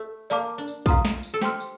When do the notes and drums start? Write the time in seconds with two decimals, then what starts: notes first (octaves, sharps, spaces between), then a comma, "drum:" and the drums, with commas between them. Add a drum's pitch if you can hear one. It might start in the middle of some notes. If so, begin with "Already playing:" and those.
Already playing: A3
0.30 A#3 D5 F5 A5 D6, drum: tambourine
0.58 D4
0.68 drum: tambourine
0.86 F4 F5 A#5 D#6, drum: kick, tambourine
1.05 drum: snare
1.23 drum: tambourine
1.34 A4
1.41 G4 C5 G5 C6 F6, drum: snare
1.60 drum: tambourine